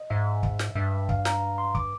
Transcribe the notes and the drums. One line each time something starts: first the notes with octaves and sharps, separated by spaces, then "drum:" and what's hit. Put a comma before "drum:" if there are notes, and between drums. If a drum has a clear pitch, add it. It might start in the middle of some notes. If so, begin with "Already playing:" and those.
Already playing: D#5
G#2 E5
drum: kick
drum: snare
G2 E5
F5, drum: kick
A#5, drum: snare
C6
D6, drum: kick